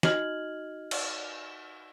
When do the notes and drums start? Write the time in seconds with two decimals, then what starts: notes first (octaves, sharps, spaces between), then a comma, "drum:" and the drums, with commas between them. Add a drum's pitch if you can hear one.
0.03 D#4 F#4 D#5 F6 G#6 F#7, drum: snare
0.91 drum: cymbal